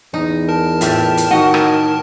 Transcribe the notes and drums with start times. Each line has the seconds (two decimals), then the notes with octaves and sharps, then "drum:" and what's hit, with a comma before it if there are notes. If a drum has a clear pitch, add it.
0.14 E2 D#4
0.49 A#4 A5
0.81 A2 F4 G4 E5, drum: hi-hat
1.17 drum: hi-hat
1.31 D#3 F#4 D#5 F#5
1.54 drum: rim click